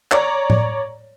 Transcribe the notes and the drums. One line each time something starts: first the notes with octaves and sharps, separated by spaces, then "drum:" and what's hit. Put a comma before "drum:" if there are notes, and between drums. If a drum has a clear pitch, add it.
C#5 D5 A#5, drum: clap
drum: tom A2